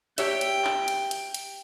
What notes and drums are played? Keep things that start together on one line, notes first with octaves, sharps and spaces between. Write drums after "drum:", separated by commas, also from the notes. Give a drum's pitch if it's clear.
G4 C#5 E5 G5, drum: hi-hat
drum: hi-hat
drum: clap
drum: hi-hat
drum: hi-hat
drum: hi-hat